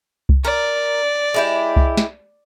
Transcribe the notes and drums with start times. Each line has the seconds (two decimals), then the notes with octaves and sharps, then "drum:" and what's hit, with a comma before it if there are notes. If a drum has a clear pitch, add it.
0.29 drum: kick C2
0.44 A#4 D5
1.34 G#3 E4 G4
1.76 drum: kick C2
1.97 drum: snare